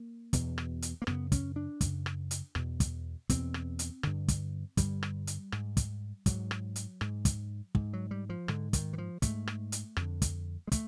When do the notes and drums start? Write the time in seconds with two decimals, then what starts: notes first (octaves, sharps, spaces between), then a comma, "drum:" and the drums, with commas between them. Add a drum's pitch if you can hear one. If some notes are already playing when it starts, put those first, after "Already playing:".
Already playing: A#3
0.33 E2 B2, drum: kick, hi-hat
0.58 drum: rim click
0.82 drum: hi-hat
1.02 A#3
1.07 F#2 C#3 B3, drum: rim click
1.32 C#4, drum: kick, hi-hat
1.56 D4
1.81 F#2 C#3, drum: kick, hi-hat
2.06 drum: rim click
2.31 drum: hi-hat
2.55 E2 B2, drum: rim click
2.80 drum: kick, hi-hat
3.29 E2 B2 C4, drum: kick, hi-hat
3.54 drum: rim click
3.79 drum: hi-hat
4.03 G2 D3, drum: rim click
4.28 drum: kick, hi-hat
4.77 G2 D3 G3, drum: kick, hi-hat
5.03 drum: rim click
5.27 drum: hi-hat
5.52 G#2, drum: rim click
5.77 drum: kick, hi-hat
6.26 G#2 F#3, drum: kick, hi-hat
6.51 drum: rim click
6.76 drum: hi-hat
7.01 G#2, drum: rim click
7.25 drum: kick, hi-hat
7.75 G#2, drum: kick
7.93 F#3
8.11 G3
8.29 F3
8.48 G#2 D3, drum: rim click
8.73 D#3, drum: kick, hi-hat
8.93 E3
8.98 F3
9.22 G#2 A3, drum: kick, hi-hat
9.47 drum: rim click
9.72 drum: hi-hat
9.97 F2 D3, drum: rim click
10.22 drum: kick, hi-hat
10.67 G#3
10.72 A3, drum: kick, hi-hat